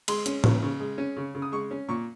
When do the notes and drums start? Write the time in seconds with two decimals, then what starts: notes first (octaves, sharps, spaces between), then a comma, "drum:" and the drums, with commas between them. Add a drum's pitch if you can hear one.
0.08 G#3 C6, drum: cymbal
0.26 C#4, drum: hi-hat
0.44 C#3, drum: tom A2
0.62 C#3
0.80 G#3
0.98 C#4
1.17 C#3
1.35 C#3
1.42 D#6
1.52 G#3 C#6
1.71 C#4
1.89 A#2 C#6